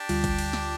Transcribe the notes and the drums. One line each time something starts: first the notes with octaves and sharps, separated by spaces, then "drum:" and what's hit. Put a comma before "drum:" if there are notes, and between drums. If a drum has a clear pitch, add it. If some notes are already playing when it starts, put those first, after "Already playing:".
Already playing: D4 G4
D2 D3 G3 F4, drum: cymbal
drum: kick, cymbal
drum: cymbal
drum: snare